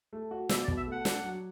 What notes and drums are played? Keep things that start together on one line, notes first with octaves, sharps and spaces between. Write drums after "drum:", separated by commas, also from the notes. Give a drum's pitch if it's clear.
A3
F#4
B2 E5, drum: snare
D5
B2, drum: kick
E5
A3 F#5
D4, drum: snare
F#3